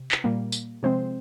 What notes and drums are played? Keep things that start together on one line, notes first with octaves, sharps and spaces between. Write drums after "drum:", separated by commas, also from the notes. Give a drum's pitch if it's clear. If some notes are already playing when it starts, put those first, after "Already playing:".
Already playing: C3
drum: clap
A#2 G3 A#3
drum: tambourine
C3 F3 G#3 C4 C5